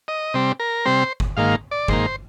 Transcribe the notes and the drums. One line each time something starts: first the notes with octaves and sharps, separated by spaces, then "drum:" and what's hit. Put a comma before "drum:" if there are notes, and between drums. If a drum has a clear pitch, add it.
D#5
C3 G3 C4
A#4
C3 G3 C4 C5
drum: kick G1
G#2 D#3 A#3 F5
D5
G#2 D#3 A#3 C5, drum: kick G1